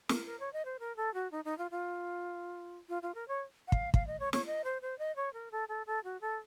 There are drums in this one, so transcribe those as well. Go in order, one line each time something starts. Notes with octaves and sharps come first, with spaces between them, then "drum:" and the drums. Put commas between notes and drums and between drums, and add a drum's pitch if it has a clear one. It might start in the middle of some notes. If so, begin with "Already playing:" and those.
A#4, drum: snare
A#4
C#5
D#5
C5
A#4
A4
F#4
D#4
D#4
F4
F4
F4
F4
A#4
C#5
F#5
F5, drum: kick
F5, drum: kick
D#5
C#5
C#5, drum: snare
D#5
C5
C5
D#5
C#5
A#4
A4
A4
A4
F#4
A4